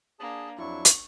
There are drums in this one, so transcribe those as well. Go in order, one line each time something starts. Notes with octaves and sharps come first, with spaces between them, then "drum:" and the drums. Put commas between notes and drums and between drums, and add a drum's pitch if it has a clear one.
A#3 D4 G#4 A5
F2 F#3 D4 E4 C#6
drum: hi-hat